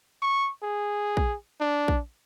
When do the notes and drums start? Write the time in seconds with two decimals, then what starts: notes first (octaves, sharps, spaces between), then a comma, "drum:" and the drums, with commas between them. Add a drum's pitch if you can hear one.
0.22 C#6
0.63 G#4
1.17 drum: kick A#1
1.60 D4
1.88 drum: kick A#1